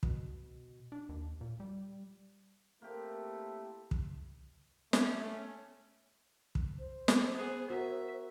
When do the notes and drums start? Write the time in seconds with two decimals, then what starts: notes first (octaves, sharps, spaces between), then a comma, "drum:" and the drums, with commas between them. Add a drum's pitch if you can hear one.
0.03 B2, drum: kick
0.92 D4
1.09 D#2
1.41 A#2
1.60 G3
2.82 A3 A#3 C4 E4 G4
3.91 drum: kick
4.93 A3 C#4, drum: snare
6.55 drum: kick
6.79 C5
7.08 drum: snare
7.32 B3 G#4
7.70 F#4 A#4 E5